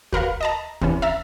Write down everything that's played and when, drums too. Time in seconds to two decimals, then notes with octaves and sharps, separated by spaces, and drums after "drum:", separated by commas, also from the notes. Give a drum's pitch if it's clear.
0.13 F#4 A#4 B4 F5, drum: kick
0.41 D#5 A5 A#5
0.81 C3 E3 C#4, drum: kick
1.02 E5 A#5 F6 A6